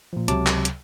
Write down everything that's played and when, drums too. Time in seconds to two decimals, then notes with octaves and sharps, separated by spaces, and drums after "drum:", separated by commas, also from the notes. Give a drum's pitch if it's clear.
0.13 A#2 F3
0.28 C#2 C3 F#3 A5 D6, drum: hi-hat
0.47 drum: clap
0.65 drum: hi-hat